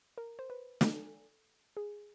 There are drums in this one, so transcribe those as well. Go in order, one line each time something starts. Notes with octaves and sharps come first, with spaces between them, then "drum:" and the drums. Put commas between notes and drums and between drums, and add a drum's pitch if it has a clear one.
A#4
C5
B4
A4, drum: snare
G#4